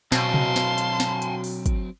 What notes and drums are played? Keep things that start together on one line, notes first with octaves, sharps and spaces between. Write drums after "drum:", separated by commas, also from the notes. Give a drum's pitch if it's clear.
B2 F#3 C4 F5 G#5 A5 C6, drum: snare
drum: tom C3
drum: snare
drum: hi-hat
drum: snare
drum: hi-hat
drum: open hi-hat
drum: kick, hi-hat